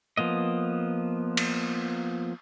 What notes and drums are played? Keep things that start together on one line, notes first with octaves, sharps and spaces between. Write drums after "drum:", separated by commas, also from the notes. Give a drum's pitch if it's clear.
F3 A#3 B3 D#5
drum: cymbal